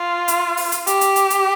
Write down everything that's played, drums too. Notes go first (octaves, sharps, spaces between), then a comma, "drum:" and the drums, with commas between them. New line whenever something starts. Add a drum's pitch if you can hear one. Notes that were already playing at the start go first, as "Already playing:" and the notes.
Already playing: F4
drum: hi-hat
drum: open hi-hat
drum: hi-hat
G4, drum: hi-hat
drum: hi-hat
drum: hi-hat
drum: hi-hat